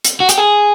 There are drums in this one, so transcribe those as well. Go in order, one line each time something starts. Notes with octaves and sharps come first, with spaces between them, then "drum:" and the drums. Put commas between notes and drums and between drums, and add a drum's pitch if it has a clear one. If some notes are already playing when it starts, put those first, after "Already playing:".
drum: hi-hat
F#4
G4, drum: hi-hat
G#4